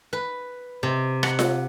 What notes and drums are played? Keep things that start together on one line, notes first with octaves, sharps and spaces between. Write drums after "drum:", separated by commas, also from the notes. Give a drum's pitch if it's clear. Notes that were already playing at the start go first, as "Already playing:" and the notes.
B4
C3
F#5, drum: rim click
drum: snare F4